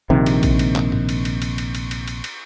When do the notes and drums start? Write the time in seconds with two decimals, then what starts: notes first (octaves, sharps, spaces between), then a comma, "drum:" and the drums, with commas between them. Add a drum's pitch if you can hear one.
0.10 A#1 C3 D#3
0.26 drum: cymbal
0.43 drum: kick A#1, cymbal
0.59 drum: cymbal
0.76 drum: clap
0.92 drum: tom
1.09 drum: cymbal
1.25 drum: cymbal
1.42 drum: cymbal
1.58 drum: cymbal
1.75 drum: cymbal
1.91 drum: cymbal
2.08 drum: cymbal
2.24 drum: cymbal